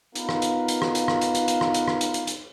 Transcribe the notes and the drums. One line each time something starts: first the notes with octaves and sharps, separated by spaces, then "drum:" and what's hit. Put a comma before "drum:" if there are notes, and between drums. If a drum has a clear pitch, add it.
B3 D#4 F4 A#4 B4 F5, drum: hi-hat
drum: rim click
drum: hi-hat
drum: hi-hat
drum: rim click
drum: hi-hat
drum: rim click
drum: hi-hat
drum: hi-hat
drum: hi-hat
drum: rim click
drum: hi-hat
drum: rim click
drum: hi-hat
drum: hi-hat
drum: hi-hat